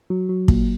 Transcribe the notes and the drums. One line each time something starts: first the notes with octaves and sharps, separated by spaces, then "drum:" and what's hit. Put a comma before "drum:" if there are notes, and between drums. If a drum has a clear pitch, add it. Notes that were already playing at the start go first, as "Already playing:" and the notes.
F#3
F#3
A#2, drum: kick